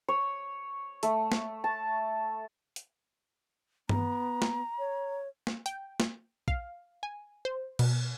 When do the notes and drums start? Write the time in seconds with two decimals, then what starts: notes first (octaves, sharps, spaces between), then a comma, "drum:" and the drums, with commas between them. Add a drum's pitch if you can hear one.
0.08 C#5
1.03 A3, drum: hi-hat
1.32 drum: snare
1.64 A5
2.76 drum: hi-hat
3.89 B3 A#5, drum: tom G2
4.42 drum: snare
4.79 C#5
5.47 drum: snare
5.66 G5, drum: hi-hat
6.00 drum: snare
6.48 F5, drum: kick
7.03 G#5
7.45 C5
7.79 B2, drum: cymbal